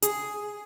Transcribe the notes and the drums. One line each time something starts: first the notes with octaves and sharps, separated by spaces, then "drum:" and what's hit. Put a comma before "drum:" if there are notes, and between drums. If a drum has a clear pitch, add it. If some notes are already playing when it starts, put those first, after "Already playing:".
G#4, drum: hi-hat